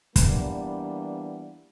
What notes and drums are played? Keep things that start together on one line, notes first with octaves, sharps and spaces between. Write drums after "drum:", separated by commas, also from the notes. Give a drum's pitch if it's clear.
E3 G3 A#3 B3 D4, drum: kick, hi-hat